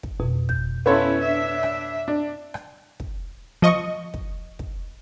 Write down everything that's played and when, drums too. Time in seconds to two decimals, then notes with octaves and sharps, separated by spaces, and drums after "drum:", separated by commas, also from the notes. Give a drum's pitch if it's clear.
0.03 drum: kick
0.20 F2 B2
0.49 G6, drum: kick
0.86 B3 C#4 E4 A4 C#5 F5 B5 C6
1.18 D4 E5
1.63 drum: rim click
2.08 D4
2.54 drum: rim click
3.00 drum: kick
3.62 F3 D#5 C#6
4.14 drum: kick
4.59 drum: kick